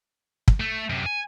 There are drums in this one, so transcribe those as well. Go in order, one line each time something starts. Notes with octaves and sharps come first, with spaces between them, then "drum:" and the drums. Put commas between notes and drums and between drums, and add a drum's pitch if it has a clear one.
drum: kick
A3
F#2 C3
G#5